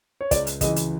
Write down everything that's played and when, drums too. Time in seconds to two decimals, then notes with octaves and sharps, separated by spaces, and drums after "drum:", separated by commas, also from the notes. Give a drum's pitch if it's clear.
0.21 C#5
0.31 C#2 D5, drum: kick, hi-hat
0.47 drum: hi-hat
0.61 C#3 E3 D#5, drum: kick, hi-hat
0.76 drum: hi-hat